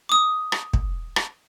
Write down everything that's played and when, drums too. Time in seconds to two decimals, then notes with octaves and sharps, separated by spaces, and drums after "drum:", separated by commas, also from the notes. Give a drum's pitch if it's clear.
0.09 D6 D#6
0.52 drum: rim click
0.73 drum: kick
1.16 drum: rim click